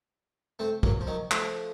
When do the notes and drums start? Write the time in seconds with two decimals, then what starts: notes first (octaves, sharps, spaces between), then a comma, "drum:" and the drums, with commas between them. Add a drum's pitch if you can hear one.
0.59 A3 C4
0.83 F#3 A#3, drum: kick
1.01 F3
1.07 D#3 F#3
1.31 F3 A3, drum: clap